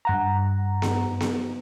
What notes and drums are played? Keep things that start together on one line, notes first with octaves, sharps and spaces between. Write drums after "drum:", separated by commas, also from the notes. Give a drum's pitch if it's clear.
G2 F#5 A#5
drum: snare B3
drum: snare B3